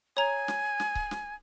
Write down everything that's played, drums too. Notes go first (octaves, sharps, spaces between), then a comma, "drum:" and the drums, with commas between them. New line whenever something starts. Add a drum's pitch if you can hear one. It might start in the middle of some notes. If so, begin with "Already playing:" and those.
C#5 G#5 A#5
drum: snare
drum: snare
drum: kick C#1
drum: snare